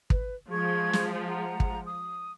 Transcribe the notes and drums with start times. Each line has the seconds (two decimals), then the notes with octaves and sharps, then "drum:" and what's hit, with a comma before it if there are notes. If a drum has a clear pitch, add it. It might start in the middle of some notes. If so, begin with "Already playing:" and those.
0.10 B4, drum: kick
0.50 F3 G#3 G#4 C#6 G#6
0.93 drum: snare
1.28 F#5 A#5
1.60 drum: kick
1.86 D#6